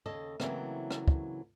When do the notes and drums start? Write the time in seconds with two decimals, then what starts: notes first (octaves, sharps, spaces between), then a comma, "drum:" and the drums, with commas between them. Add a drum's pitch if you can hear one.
0.06 D#2 C#3 A4 D#5
0.40 C#3 E3 F#3 A3 A#3 C4, drum: rim click
0.91 drum: rim click
1.08 drum: kick